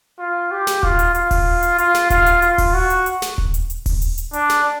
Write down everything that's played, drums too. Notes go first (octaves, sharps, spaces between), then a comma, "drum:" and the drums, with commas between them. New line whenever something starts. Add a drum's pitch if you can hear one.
F4
G4
drum: snare
F4, drum: kick D#1
drum: hi-hat
F4, drum: hi-hat
drum: kick D#1, open hi-hat
drum: hi-hat
F4, drum: hi-hat
drum: snare
F4, drum: kick D#1, hi-hat
drum: hi-hat
F4, drum: hi-hat
drum: kick D#1, open hi-hat
F#4
drum: hi-hat
drum: hi-hat
drum: snare
drum: kick D#1
drum: hi-hat
drum: hi-hat
drum: kick D#1, open hi-hat
drum: hi-hat
drum: hi-hat
D4, drum: hi-hat
drum: snare